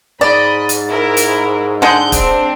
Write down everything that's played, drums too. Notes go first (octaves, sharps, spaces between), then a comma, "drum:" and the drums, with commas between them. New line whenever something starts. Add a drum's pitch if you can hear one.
G#2 D5 D#5 B5
drum: hi-hat
E4 A#4
drum: hi-hat
D3 G#3 F#6 G6
C4 D4, drum: kick, hi-hat